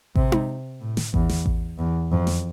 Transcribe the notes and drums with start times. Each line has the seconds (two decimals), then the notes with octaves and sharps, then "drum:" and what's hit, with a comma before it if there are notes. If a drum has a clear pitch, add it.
0.16 C3, drum: kick A1
0.32 drum: tom D#4
0.81 A2
0.97 drum: snare
1.14 E2, drum: kick A1
1.29 drum: snare
1.46 drum: kick A1
1.79 E2
2.11 F2
2.27 drum: snare